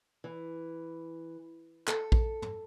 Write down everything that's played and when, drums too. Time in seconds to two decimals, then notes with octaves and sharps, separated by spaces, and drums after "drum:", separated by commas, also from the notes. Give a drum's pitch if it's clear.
0.24 E3
1.88 A4, drum: clap
2.12 drum: kick A#1
2.42 drum: tom